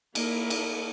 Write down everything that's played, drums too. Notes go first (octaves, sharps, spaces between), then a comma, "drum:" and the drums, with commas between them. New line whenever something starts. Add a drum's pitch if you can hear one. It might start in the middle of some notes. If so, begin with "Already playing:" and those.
A#3 E4 A#4, drum: cymbal
drum: cymbal